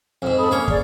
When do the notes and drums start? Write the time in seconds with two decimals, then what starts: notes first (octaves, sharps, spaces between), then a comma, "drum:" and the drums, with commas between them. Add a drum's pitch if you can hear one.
0.22 F2 G#2
0.38 A4 B5 D#6
0.51 A#3 C#4 C#5
0.68 G#4 D5, drum: kick